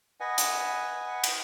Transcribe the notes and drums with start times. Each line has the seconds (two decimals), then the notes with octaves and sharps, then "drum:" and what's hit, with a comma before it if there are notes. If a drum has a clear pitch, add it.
0.20 B4 D#5 F#5 G#5
0.38 drum: hi-hat
1.24 drum: cymbal